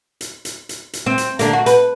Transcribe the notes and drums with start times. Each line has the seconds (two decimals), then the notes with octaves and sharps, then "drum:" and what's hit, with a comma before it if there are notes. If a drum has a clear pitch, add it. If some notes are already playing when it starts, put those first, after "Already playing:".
0.21 drum: hi-hat
0.45 drum: hi-hat
0.69 drum: hi-hat
0.93 drum: hi-hat
1.06 C4
1.18 drum: hi-hat
1.39 D3 A#3, drum: hi-hat
1.53 F#4
1.66 B4, drum: hi-hat